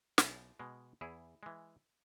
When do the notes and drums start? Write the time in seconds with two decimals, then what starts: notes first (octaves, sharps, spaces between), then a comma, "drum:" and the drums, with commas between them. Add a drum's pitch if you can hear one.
0.18 B1 E4 G#4, drum: snare
0.59 B2 G#3
1.01 E2 E4 G#4
1.43 E3 G#3